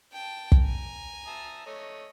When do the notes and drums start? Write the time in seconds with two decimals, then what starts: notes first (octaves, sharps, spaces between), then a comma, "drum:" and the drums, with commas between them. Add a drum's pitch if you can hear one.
0.12 G5 A5
0.52 drum: kick
0.64 G#5 A#5
1.27 E5 A5 D#6
1.66 A3 C#5 D#5